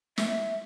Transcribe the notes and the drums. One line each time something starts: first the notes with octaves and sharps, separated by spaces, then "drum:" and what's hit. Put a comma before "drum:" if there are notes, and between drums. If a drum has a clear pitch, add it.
E5, drum: snare